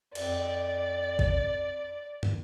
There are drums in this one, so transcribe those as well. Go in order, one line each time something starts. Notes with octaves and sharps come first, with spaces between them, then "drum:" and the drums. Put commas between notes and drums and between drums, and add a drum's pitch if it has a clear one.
F2 D5, drum: cymbal
drum: kick G#1
drum: tom